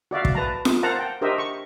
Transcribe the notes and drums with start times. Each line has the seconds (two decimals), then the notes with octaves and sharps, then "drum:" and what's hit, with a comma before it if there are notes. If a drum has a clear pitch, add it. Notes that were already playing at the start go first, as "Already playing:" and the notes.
0.11 F#4 D5 E5 F5
0.25 drum: kick
0.35 B4 A5 A#5
0.65 drum: snare F4
0.83 A#4 C5 F5 F#5 A5 A#5
0.99 G5
1.21 D4 G4 A#4 C5 D#5 E5
1.38 C#6